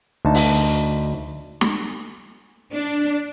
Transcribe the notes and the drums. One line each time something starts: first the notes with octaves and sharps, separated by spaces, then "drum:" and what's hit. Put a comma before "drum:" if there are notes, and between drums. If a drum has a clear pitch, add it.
D2 D#4 A5
drum: open hi-hat
drum: snare
D4